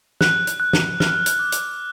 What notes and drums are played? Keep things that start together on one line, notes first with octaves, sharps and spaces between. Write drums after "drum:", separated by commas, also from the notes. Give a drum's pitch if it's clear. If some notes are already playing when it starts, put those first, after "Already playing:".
F#6, drum: snare
drum: hi-hat
F#6
drum: snare
F6, drum: snare
drum: hi-hat
D6
drum: hi-hat